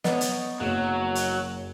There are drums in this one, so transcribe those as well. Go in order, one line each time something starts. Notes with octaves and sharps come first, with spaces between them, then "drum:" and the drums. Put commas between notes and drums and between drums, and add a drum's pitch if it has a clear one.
B3 D#4 C#5 A6, drum: snare
drum: hi-hat
F#1 F#3
drum: hi-hat